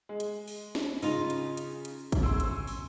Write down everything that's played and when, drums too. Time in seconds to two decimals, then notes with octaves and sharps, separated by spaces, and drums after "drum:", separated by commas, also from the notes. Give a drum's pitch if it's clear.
0.09 G#3
0.20 drum: hi-hat
0.48 drum: open hi-hat
0.75 drum: snare
1.02 C#3 D#4 F4, drum: open hi-hat
1.30 drum: hi-hat
1.57 drum: hi-hat
1.85 drum: hi-hat
2.12 drum: kick, hi-hat
2.23 C#3 C6 E6
2.40 drum: hi-hat
2.67 drum: open hi-hat